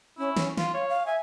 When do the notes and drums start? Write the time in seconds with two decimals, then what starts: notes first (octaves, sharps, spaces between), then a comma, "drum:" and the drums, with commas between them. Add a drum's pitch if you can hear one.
0.18 C#4 E4
0.37 C#4, drum: snare
0.57 F4 F5, drum: snare
0.74 C#5 F5
0.89 F5
1.06 E5 G#5